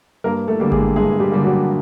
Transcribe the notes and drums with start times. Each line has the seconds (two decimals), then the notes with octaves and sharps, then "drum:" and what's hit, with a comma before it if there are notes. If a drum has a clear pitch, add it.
0.24 G2 A#3 A#4
0.48 A3 A4
0.60 D3 G3 A#3
0.72 G#3 G#4, drum: kick G#1
0.96 G2 G#3 G#4
1.20 G3 G4
1.32 D3 G3 A#3
1.44 F#3 F#4